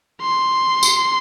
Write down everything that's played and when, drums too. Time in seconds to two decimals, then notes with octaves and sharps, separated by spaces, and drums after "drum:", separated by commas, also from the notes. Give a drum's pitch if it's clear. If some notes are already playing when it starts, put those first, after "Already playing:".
0.22 C6
0.83 drum: tambourine